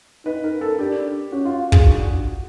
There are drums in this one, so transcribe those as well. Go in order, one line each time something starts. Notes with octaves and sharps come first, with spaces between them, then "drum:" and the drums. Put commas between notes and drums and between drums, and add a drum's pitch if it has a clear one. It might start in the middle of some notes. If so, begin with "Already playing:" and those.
D#4 B4
A#4
A4
D4 G4
C#4 F#4
F4
G#4, drum: kick
D4 F#4